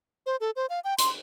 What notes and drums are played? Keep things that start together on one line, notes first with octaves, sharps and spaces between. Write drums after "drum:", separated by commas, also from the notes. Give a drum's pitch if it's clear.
C5
A4
C5
F5
G5
C6, drum: hi-hat